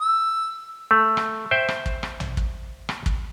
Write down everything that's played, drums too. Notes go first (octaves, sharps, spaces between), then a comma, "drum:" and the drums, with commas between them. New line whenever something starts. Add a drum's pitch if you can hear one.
E6
A3
drum: rim click
C5 E5 G5
drum: rim click
drum: kick
drum: rim click
drum: tom A#1
drum: kick
drum: rim click
drum: kick